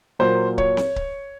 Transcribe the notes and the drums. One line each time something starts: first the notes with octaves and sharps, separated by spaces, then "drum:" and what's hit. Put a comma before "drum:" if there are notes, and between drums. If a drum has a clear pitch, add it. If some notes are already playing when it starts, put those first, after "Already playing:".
A#2 F#3 A#3 C5
C#5, drum: kick C#1
drum: snare C4
drum: kick C#1